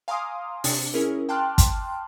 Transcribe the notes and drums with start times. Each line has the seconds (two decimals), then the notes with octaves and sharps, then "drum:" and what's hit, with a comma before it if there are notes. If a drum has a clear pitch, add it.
0.08 F5 G#5 A#5 C6 D6 D#6
0.64 C3 D4, drum: open hi-hat
0.94 C#4 E4 G#4 A#4
1.29 G5 A5 C6 D6 F6 F#6
1.58 drum: kick, hi-hat